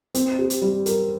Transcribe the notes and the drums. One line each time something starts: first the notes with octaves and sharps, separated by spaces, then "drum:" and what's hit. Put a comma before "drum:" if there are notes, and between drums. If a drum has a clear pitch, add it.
C4, drum: hi-hat
G4
drum: hi-hat
G3
A#4, drum: hi-hat